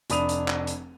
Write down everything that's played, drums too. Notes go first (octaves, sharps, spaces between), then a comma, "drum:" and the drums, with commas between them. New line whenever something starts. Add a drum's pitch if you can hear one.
F1 D4 B5 D#6 D#7 F7, drum: hi-hat
drum: hi-hat
drum: clap
drum: hi-hat